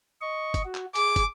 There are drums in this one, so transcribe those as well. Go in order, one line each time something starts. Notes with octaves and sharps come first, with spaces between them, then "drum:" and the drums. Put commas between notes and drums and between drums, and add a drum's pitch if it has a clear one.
D#5 C#6
drum: kick, hi-hat
F#4
drum: clap
G#4 D6, drum: hi-hat
drum: kick, hi-hat